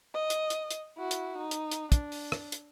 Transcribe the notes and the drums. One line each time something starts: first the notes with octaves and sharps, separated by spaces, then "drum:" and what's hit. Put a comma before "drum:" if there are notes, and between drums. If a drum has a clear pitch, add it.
D#5
drum: hi-hat
drum: hi-hat
drum: hi-hat
E4 F#4
drum: hi-hat
D#4
drum: hi-hat
drum: hi-hat
D4, drum: kick, hi-hat
drum: open hi-hat
drum: rim click
drum: hi-hat